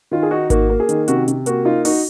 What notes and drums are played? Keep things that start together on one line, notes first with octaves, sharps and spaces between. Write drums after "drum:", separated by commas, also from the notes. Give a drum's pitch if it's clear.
D#3 F4
G#4
D#4 F#4
A#3 F#4, drum: kick G#1, hi-hat
A#3
G#4
D#3, drum: hi-hat
C3 F#4, drum: hi-hat
C3, drum: hi-hat
A#3 F#4, drum: hi-hat
D#4 F4
D#4 F#4, drum: open hi-hat